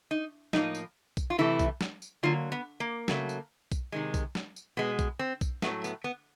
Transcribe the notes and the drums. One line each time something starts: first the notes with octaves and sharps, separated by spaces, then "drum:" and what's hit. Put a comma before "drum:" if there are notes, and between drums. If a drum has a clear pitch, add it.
D#4
A2 F3 A#3 D#4, drum: snare
drum: tambourine
drum: kick B1, tambourine
F4
C3 E3 A3 E4
drum: kick B1, tambourine
drum: snare
drum: tambourine
D3 F#3 A#3 F4
B3
A#3
C#3 F#3 A3, drum: snare
drum: tambourine
drum: kick B1, tambourine
C3 D#3 G#3
drum: kick B1, tambourine
drum: snare
drum: tambourine
B2 G#3 B3
drum: kick B1, tambourine
C4
drum: kick B1, tambourine
A2 F#3 A3 B3, drum: snare
B3, drum: tambourine
B3